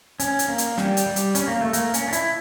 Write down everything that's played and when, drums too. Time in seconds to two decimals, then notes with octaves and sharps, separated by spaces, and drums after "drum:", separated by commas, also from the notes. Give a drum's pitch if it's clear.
0.20 C#4, drum: hi-hat
0.39 drum: hi-hat
0.48 A#3
0.58 drum: hi-hat
0.78 G3, drum: snare
0.97 drum: hi-hat
1.06 G3
1.16 drum: hi-hat
1.35 C#4, drum: hi-hat
1.48 A#3
1.61 A3
1.73 A#3, drum: hi-hat
1.94 C#4, drum: hi-hat
2.08 D4
2.12 E4, drum: hi-hat